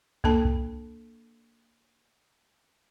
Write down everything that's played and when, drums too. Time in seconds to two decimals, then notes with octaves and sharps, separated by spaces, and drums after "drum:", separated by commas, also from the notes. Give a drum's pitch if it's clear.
0.24 A#3 D4 A4 A5, drum: kick
0.45 drum: kick